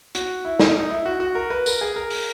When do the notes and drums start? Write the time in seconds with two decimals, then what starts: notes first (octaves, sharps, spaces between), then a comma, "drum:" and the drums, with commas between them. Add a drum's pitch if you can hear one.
0.15 F#4, drum: hi-hat
0.45 E4
0.60 D#4, drum: snare
0.75 D#4
0.90 E4
1.06 F#4
1.20 F#4
1.35 A#4
1.50 B4
1.66 A#4, drum: tambourine
1.81 G#4
1.96 A#4
2.10 drum: open hi-hat